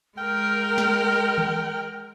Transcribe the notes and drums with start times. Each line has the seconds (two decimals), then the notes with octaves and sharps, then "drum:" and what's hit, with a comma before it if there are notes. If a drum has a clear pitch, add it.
0.18 G#3 A#4 G5 F6
0.78 drum: snare
1.38 drum: tom D#3